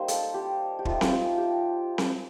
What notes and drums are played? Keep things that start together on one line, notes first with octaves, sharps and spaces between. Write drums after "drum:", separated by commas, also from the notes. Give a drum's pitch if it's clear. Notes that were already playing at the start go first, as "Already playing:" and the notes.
Already playing: G3 A#3 D#4 C5
A4, drum: hi-hat
G4
G4
F3 A3 D#4 F4, drum: kick
drum: snare C4
G4
G4
drum: snare C4